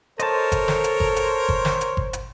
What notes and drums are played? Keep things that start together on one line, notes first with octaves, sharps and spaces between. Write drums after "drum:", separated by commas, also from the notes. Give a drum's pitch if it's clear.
A4 A#4 C5 C#5 D#5 A5, drum: hi-hat
drum: kick G1, hi-hat
drum: snare
drum: hi-hat
drum: kick G1
drum: hi-hat
drum: kick G1
drum: snare
drum: hi-hat
drum: kick G1
drum: hi-hat